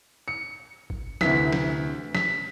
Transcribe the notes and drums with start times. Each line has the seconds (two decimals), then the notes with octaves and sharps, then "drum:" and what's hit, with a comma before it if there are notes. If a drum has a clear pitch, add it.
0.28 C#7
0.90 drum: kick G#1
1.21 D2 C3 E3 B6, drum: snare
1.53 drum: snare
2.15 B6, drum: snare